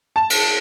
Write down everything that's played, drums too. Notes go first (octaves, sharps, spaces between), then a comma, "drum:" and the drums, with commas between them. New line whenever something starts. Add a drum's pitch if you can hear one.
A5
drum: cymbal